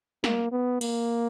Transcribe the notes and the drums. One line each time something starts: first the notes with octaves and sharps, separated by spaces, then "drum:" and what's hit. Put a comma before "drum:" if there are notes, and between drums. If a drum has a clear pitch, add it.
A#3, drum: snare
B3
A#3, drum: cymbal